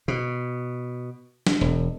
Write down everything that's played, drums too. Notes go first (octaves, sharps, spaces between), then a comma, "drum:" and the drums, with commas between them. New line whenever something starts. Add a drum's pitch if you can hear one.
B2
drum: snare
E1